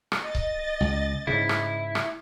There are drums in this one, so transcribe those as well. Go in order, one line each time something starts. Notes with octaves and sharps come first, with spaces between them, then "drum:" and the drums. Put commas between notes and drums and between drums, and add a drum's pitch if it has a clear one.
drum: rim click
D#5 A6
drum: kick C#1
C#2
G#2 C#3 E4
drum: rim click
drum: rim click